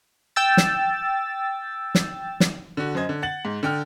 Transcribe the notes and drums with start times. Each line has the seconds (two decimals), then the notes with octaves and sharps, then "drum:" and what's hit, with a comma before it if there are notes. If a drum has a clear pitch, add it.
0.36 G5 E6 A6
0.57 drum: snare
1.95 drum: snare
2.40 drum: snare
2.77 D3 F#4
2.95 F#2 C5 D#5 G#6
3.09 D3
3.22 F#5 A6 F#7
3.45 G#2
3.63 D3 G5 F6